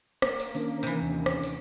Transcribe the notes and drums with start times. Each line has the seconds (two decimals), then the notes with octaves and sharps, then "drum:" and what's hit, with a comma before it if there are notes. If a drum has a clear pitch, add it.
0.22 A#3, drum: rim click
0.40 drum: tambourine
0.55 D#3 C#4 D4, drum: tambourine
0.83 C3 E3
1.02 D#2
1.26 drum: rim click
1.43 drum: tambourine